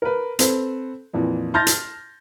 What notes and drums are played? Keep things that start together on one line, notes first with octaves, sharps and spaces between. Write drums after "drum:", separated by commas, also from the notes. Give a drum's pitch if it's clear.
A#4 B4
C4 A4 B4 C5, drum: hi-hat
F2 A#2 E3
A5 C6 F6 G6 A6 A#6
drum: hi-hat